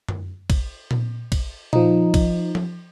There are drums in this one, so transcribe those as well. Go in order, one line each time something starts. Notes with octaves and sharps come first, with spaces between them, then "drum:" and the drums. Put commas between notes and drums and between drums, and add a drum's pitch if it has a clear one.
drum: tom F#2
drum: kick, cymbal
drum: tom A#2
drum: kick, cymbal
F3 D#4, drum: tom A#2
drum: kick, cymbal
drum: tom F3